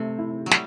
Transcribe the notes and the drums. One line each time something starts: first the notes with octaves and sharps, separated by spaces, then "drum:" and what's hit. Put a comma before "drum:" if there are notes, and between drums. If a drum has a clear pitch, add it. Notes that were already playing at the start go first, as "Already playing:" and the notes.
Already playing: C3 A3
E4
F#3
G3, drum: snare